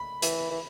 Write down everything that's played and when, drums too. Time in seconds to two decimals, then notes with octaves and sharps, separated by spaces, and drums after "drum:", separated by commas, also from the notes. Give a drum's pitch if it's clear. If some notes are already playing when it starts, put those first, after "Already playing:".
Already playing: B5
0.22 E3, drum: hi-hat
0.51 E3